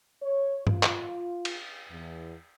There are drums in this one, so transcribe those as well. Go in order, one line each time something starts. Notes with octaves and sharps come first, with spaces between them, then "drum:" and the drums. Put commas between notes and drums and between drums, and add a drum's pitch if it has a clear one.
C#5
F4, drum: tom G2
drum: clap
drum: cymbal
E2